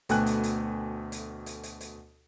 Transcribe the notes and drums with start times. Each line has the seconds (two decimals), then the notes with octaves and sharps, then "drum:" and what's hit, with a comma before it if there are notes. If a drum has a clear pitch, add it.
0.09 D2 B2 A3 G5 G#5 F#6, drum: hi-hat
0.26 drum: hi-hat
0.44 drum: hi-hat
1.12 drum: hi-hat
1.46 drum: hi-hat
1.63 drum: hi-hat
1.81 drum: hi-hat